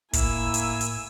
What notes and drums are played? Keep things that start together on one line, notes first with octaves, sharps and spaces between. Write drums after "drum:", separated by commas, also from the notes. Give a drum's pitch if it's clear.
A2 A#3 E4 G#5 E6, drum: kick, hi-hat
drum: hi-hat
drum: hi-hat